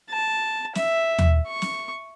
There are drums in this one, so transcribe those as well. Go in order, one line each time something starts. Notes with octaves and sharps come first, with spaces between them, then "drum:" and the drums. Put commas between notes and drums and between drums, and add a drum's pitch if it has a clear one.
A5
E5, drum: snare
drum: tom D#2
C#6
drum: snare